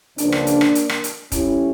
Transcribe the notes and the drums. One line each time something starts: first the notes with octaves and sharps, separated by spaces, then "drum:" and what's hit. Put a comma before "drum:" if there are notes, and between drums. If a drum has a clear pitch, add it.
C#2 C#3 F3 A#3 D4, drum: hi-hat
drum: rim click
drum: hi-hat
drum: rim click
drum: hi-hat
drum: rim click
drum: hi-hat
A2 G3 C#4 E4, drum: kick, hi-hat